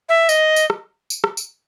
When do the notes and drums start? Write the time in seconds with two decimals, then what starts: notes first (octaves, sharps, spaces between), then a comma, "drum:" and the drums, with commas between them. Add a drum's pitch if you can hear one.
0.09 E5
0.29 D#5, drum: tambourine
0.56 drum: tambourine
0.70 drum: rim click
1.10 drum: tambourine
1.24 drum: rim click
1.37 drum: tambourine